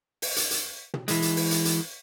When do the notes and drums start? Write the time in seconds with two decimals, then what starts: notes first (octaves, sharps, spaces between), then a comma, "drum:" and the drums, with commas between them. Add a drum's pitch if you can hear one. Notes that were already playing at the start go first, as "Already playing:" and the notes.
0.22 drum: open hi-hat
0.36 drum: hi-hat
0.51 drum: hi-hat
0.94 drum: tom
1.08 E3 G#3, drum: hi-hat
1.22 drum: hi-hat
1.36 drum: open hi-hat
1.51 drum: hi-hat
1.65 drum: hi-hat